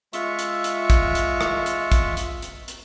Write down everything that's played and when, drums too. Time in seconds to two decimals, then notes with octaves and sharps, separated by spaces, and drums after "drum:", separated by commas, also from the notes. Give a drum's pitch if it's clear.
0.13 G#3 F4 E5 C#6, drum: hi-hat
0.39 drum: hi-hat
0.64 drum: hi-hat
0.90 drum: kick, hi-hat
1.15 drum: hi-hat
1.41 drum: rim click
1.66 drum: hi-hat
1.92 drum: kick, hi-hat
2.17 drum: hi-hat
2.42 drum: hi-hat
2.68 drum: hi-hat